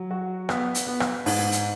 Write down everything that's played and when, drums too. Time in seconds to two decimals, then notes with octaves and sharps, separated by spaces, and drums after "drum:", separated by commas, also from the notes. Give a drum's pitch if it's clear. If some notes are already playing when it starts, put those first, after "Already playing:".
Already playing: F#3
0.11 F#4
0.49 B3, drum: rim click
0.75 drum: hi-hat
0.87 B3
1.00 drum: rim click
1.26 G#2, drum: open hi-hat
1.52 drum: hi-hat